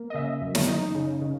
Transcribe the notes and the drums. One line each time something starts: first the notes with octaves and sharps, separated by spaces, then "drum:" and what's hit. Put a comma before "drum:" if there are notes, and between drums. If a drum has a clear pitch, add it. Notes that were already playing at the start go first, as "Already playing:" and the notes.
Already playing: A#3
D#5
C#3 E5
F#2
drum: snare
D#4
C#3
C#3